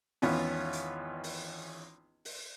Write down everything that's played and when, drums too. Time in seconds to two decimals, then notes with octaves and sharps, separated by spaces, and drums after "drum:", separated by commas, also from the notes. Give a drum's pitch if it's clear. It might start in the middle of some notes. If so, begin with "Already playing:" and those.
0.22 G#1 E2 B3 C#4 F4, drum: open hi-hat
0.73 drum: hi-hat
1.24 drum: open hi-hat
2.25 drum: open hi-hat